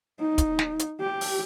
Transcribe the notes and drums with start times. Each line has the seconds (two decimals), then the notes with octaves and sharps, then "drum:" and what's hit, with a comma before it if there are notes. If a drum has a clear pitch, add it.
0.20 D#4
0.38 drum: kick, hi-hat
0.59 drum: snare
0.79 drum: hi-hat
1.00 G4
1.21 drum: open hi-hat